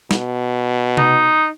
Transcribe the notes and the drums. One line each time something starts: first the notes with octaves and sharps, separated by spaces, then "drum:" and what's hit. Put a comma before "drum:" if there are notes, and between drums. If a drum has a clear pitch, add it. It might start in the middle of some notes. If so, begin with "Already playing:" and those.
B2, drum: snare
D#4, drum: tom C3